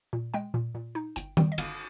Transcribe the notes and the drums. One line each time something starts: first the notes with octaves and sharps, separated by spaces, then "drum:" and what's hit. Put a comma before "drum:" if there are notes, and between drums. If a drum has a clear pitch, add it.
A#2
G#3 G5
A#2
A#2
D#4
G1 G5, drum: hi-hat
G3 G5, drum: tom D#3
D#5
G1 F5, drum: cymbal